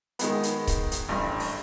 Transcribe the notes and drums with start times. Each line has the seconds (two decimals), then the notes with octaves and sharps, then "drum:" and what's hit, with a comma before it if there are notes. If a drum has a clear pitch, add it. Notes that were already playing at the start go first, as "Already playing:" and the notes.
0.19 D#3 G#3 B3, drum: hi-hat
0.43 drum: hi-hat
0.67 drum: kick C#1, hi-hat
0.92 drum: hi-hat
1.09 A1 G2
1.40 drum: open hi-hat